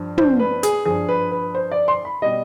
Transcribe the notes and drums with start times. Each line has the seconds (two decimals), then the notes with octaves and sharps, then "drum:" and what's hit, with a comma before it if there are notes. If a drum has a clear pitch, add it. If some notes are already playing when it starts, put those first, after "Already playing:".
Already playing: G2 F3
0.18 C5, drum: tom
0.39 B4
0.63 G#4, drum: hi-hat
0.85 G2 F3 G#4
1.09 B4
1.32 B4
1.55 C5
1.71 D5
1.88 C6
2.05 B5
2.22 B2 G3 D#5